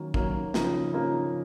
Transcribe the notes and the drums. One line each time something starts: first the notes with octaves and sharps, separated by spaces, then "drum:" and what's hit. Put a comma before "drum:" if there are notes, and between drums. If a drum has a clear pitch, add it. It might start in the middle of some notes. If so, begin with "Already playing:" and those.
Already playing: D#3 F#3 A#3 C#4
D#3 F#3 A#3 C#4, drum: kick
C#3 F3 A#3 D#4, drum: snare
C#3 F3 A#3 D#4